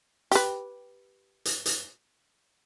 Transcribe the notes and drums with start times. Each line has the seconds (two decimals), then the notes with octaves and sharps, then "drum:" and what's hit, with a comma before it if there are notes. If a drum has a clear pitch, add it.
0.31 G4 B4, drum: hi-hat
1.45 drum: hi-hat
1.66 drum: hi-hat